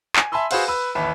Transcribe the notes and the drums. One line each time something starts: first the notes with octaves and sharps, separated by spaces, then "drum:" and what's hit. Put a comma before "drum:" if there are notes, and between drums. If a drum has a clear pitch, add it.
G#5, drum: clap
E5 G#5 A5 B5 C6 E6
F#4 G#4 B4 C5 F5 F#5, drum: cymbal
B4 E6
A1 D#2 B4 E5